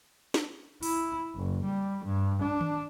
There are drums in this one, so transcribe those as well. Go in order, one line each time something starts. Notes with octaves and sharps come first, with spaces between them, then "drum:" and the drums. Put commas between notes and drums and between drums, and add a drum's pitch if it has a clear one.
drum: snare
E4, drum: open hi-hat
F#1
G3
G2
D4
drum: tom D#3